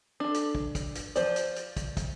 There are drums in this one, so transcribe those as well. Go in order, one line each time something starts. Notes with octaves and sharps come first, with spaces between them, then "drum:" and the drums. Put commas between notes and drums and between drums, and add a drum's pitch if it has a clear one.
D4 A4
drum: hi-hat
drum: kick
drum: kick, hi-hat
drum: hi-hat
F3 C5 D5, drum: hi-hat
drum: hi-hat
drum: hi-hat
drum: kick, hi-hat
drum: kick, hi-hat